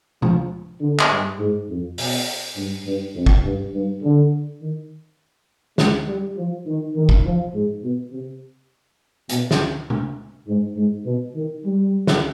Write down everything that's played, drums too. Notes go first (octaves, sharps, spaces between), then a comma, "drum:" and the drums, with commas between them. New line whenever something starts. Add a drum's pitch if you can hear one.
F3, drum: tom C3
D3
drum: clap
G2
G#2
F2
B2, drum: open hi-hat
G2
G2
F2
drum: kick
G2
G2
D3
D#3
G#3, drum: snare
G3
F3
D#3
D#3
drum: kick
F3
G#2
B2
C3
B2, drum: hi-hat
drum: snare
drum: tom C3
G#2
G#2
B2
D#3
G3
drum: snare